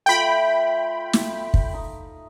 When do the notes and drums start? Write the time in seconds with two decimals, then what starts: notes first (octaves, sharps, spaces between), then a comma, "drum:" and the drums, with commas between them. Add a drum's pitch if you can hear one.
0.06 A3 F4 G5 B5
1.13 drum: snare
1.54 drum: kick
1.74 D#4